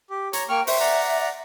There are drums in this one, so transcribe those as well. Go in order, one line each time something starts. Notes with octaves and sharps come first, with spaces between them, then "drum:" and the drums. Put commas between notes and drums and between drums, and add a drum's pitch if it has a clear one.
G4
C#5 A#5 C#6, drum: hi-hat
A#3 G5 C#6 F6
C5 E5 C#6, drum: open hi-hat
D5 F#5 A#5